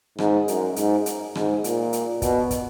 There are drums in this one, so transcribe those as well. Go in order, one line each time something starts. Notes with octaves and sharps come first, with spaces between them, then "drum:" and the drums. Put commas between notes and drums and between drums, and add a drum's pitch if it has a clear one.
G#2, drum: rim click
F#2, drum: hi-hat
G#2, drum: hi-hat
drum: hi-hat
G#2, drum: rim click
A#2, drum: hi-hat
drum: hi-hat
B2, drum: kick, hi-hat
drum: kick, hi-hat